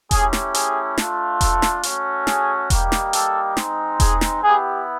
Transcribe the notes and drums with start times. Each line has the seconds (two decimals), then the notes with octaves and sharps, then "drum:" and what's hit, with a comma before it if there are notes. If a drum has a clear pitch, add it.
0.11 A3 C#4 E4 G4 G#4, drum: kick E1, hi-hat
0.33 drum: snare
0.54 G#4, drum: hi-hat
0.98 A3 D4 F4, drum: snare
1.41 A4, drum: kick E1, hi-hat
1.62 drum: snare
1.83 A3 C#4 F#4, drum: hi-hat
2.27 G#4, drum: snare
2.70 G3 A#3 D#4 G4, drum: kick E1, hi-hat
2.92 drum: snare
3.13 A4, drum: hi-hat
3.57 G#3 C4 D#4, drum: snare
4.00 G#4, drum: kick E1, hi-hat
4.21 drum: snare
4.42 B3 E4 G4 G#4